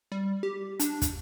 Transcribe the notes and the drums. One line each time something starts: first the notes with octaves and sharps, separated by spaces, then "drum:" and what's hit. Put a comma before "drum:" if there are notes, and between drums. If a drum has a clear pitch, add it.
G3
G4
D4, drum: hi-hat
drum: kick, hi-hat